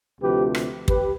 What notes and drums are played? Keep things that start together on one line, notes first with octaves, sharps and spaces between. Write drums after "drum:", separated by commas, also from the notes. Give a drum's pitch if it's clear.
D2 C3 F3 G4 B4
drum: rim click
G4 B4, drum: kick